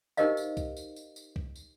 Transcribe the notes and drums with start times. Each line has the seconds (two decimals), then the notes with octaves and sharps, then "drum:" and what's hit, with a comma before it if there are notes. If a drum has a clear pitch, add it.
0.17 D#4 G4 A#4 C5 D#5 F5, drum: tambourine
0.37 drum: tambourine
0.57 drum: kick C2, tambourine
0.77 drum: tambourine
0.96 drum: tambourine
1.16 drum: tambourine
1.36 drum: kick C2
1.56 drum: tambourine